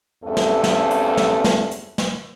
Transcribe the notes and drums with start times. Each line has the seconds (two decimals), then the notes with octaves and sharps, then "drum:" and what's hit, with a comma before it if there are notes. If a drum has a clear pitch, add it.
0.23 E2 G2 A3 C4 C#4 A4
0.37 drum: snare
0.64 drum: snare
0.91 drum: hi-hat
1.17 drum: snare
1.44 drum: snare
1.71 drum: hi-hat
1.98 drum: snare